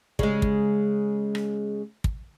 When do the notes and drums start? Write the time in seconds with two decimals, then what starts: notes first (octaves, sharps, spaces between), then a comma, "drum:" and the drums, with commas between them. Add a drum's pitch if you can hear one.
0.19 C#3 G#3, drum: kick
0.42 drum: kick
1.35 drum: rim click
2.04 drum: kick